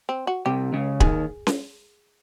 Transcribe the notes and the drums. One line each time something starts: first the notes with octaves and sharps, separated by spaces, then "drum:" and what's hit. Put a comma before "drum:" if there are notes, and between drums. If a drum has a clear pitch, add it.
C4
F#4
C2 C3 G4
C#2 C#3
D#2 D#3 G#4, drum: kick
drum: snare C#4